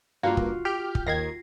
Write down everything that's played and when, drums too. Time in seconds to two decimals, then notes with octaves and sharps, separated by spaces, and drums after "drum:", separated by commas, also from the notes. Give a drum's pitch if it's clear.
0.23 G2 A#3 F4 F#4
0.37 drum: kick
0.65 G4 F6 G6
0.95 drum: kick
1.06 D#2 D#3 G#6 A#6 C7